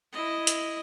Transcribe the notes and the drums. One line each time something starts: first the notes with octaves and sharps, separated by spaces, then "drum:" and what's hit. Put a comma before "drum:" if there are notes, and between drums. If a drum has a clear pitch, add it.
E4 D#5
drum: hi-hat